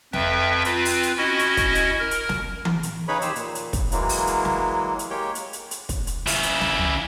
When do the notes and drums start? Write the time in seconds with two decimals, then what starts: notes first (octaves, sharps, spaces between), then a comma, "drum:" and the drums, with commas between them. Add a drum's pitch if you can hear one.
0.13 F2 B4 E5 G5, drum: snare
0.65 C4 F4 B4, drum: hi-hat
0.85 drum: open hi-hat
1.03 drum: hi-hat
1.18 C#4 E4 F#4 D#5
1.39 drum: hi-hat
1.57 drum: kick, hi-hat
1.75 drum: hi-hat
1.99 A#4
2.11 drum: hi-hat
2.29 drum: snare
2.65 drum: tom E3
2.83 drum: hi-hat
3.08 C#3 D#4 G#4 B4 C#5 B5
3.22 D#2 G4 C5 E6, drum: hi-hat
3.36 A#2, drum: hi-hat
3.55 drum: hi-hat
3.73 drum: kick, hi-hat
3.92 E3 F#3 G#3 A#3, drum: hi-hat
4.09 drum: open hi-hat
4.27 drum: hi-hat
4.45 drum: snare
4.99 drum: hi-hat
5.10 G#3 A#3 G4 C#5 G5
5.35 drum: hi-hat
5.53 drum: hi-hat
5.71 drum: hi-hat
5.89 drum: kick, hi-hat
6.07 drum: hi-hat
6.27 C#3 E4, drum: open hi-hat
6.43 drum: hi-hat
6.61 drum: snare
6.79 drum: tom